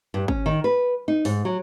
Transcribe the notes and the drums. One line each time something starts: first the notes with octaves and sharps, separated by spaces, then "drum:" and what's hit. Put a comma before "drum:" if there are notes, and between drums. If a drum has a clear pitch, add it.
G2
C#4, drum: kick
D#3
B4
D#4
G#2, drum: open hi-hat
F#3